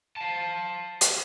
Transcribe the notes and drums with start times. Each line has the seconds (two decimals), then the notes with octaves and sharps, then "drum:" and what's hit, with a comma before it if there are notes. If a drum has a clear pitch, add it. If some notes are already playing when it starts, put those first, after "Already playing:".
0.16 F5 A5
1.01 drum: hi-hat